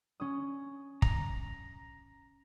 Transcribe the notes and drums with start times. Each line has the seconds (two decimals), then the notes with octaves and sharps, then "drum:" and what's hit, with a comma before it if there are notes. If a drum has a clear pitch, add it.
0.20 C#4 D#6
1.02 A#5, drum: kick